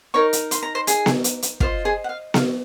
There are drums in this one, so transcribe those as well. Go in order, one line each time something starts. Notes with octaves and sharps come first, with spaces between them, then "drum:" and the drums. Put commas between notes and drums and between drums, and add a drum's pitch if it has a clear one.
D#4 A#4 C#5 C#6
drum: hi-hat
C6, drum: hi-hat
A#5
C5 C6
G#4 G#5, drum: hi-hat
drum: snare B3
drum: hi-hat
drum: hi-hat
F4 C5 D#5 F5, drum: kick
G#4 G#5
F#5
F5
F5, drum: snare B3